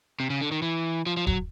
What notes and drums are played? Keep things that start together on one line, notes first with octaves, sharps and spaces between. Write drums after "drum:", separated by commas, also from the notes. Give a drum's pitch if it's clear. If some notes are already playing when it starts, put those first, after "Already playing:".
C3
C#3
D3
D#3
E3
F3
F3
F#3, drum: kick